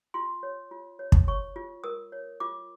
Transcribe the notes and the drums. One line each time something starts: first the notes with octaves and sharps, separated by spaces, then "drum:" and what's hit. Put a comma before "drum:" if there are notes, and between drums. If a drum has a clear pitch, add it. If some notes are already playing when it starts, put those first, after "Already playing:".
F4 C6
C#5
F4
C#5
drum: kick
C#5 C#6
F4
A#4 D#6
C#5
F4 D6